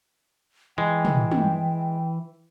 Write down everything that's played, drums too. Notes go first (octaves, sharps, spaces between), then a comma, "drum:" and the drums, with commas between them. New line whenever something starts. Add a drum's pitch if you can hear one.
E3 G#3 G5
drum: tom
drum: tom